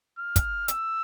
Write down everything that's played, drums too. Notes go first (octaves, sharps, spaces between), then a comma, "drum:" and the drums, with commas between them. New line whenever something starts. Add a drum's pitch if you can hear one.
F6
drum: kick, hi-hat
E6, drum: hi-hat